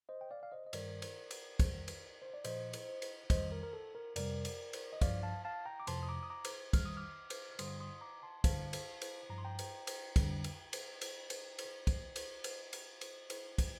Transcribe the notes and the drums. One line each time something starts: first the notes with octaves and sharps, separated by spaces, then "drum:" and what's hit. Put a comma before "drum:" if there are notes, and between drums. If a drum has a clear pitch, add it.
C5 D#5
G5
D5 F5
F5
C5 D#5
D#5
G2 D#3 G3 A#4 D5, drum: cymbal
drum: cymbal
drum: cymbal
F2 D#3 G3, drum: kick, cymbal
drum: cymbal
C5
D5
A#2 F3 C5 D#5, drum: cymbal
drum: cymbal
drum: cymbal
F2 D#3 G3 C5 D#5, drum: kick, cymbal
A#4
A#4
A4
A#4
F2 C3 G3 A#4 D5, drum: cymbal
drum: cymbal
drum: cymbal
D#5
G2 F3 D5 F5, drum: kick, cymbal
F5 A5
F5 A5
G5 A#5
D6
F2 C3 F3 A5 C6, drum: cymbal
D#6
A#5 D6
D#6
A#5 D6
drum: cymbal
F2 D#3 G3 F6, drum: kick, cymbal
D#6
D6 F6
drum: cymbal
F6
G2 D3 G3 C6 D#6, drum: cymbal
C6 D#6
A#5 D6
A5 C6
G2 D3 G3 F5 A5, drum: kick, cymbal
drum: cymbal
drum: cymbal
G2 F3 A#5
C6
G5 A#5
drum: cymbal
drum: cymbal
F2 D3 G3, drum: kick, cymbal
drum: cymbal
drum: cymbal
drum: cymbal
drum: cymbal
drum: cymbal
drum: kick, cymbal
drum: cymbal
drum: cymbal
drum: cymbal
drum: cymbal
drum: cymbal
drum: kick, cymbal